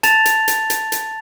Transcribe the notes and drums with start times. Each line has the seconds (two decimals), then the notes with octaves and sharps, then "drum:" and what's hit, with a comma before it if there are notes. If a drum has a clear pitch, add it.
0.03 A5 A6 F7, drum: hi-hat
0.25 drum: hi-hat
0.48 drum: hi-hat
0.70 drum: hi-hat
0.92 drum: hi-hat